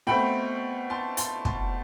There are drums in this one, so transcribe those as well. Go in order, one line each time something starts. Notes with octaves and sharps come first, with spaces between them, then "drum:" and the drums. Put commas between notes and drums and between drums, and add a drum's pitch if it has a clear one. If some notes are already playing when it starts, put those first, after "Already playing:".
B2 A3 C4 G5 B5
A5 C6
A5 C6, drum: hi-hat
A5 C6, drum: kick